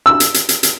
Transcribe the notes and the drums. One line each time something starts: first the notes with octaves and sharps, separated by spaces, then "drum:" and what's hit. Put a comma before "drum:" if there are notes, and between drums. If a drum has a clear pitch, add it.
E6
drum: hi-hat
drum: hi-hat
drum: hi-hat
drum: hi-hat